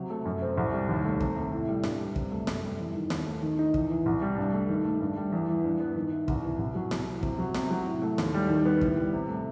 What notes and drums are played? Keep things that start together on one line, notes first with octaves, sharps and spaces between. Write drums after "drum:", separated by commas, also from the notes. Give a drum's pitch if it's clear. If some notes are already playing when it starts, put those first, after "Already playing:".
Already playing: C3 F#3
A3
F#2
C4
C2
G3
D#2
A3
C3, drum: kick
A3
A2
G3
G2, drum: snare
G3
C3, drum: kick
A3
F#2, drum: snare
G3
E2
D#3
D#2, drum: snare
A3
D#3
D#4
E2, drum: kick
E3
C2
G3
G2
A3
D#3
A3
G2
G3
E2
E3
G2
B3
D#3
E4
C2, drum: kick
E3
C2
F#3
C2, drum: snare
E3
C3, drum: kick
F#3
C3, drum: snare
F#3
A2
A3
D#2, drum: snare
G3
D#3
B3
A2, drum: kick
G3
C3
A3